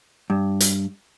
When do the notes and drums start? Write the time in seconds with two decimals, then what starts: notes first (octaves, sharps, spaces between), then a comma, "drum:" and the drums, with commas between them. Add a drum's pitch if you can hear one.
0.30 G2
0.60 drum: hi-hat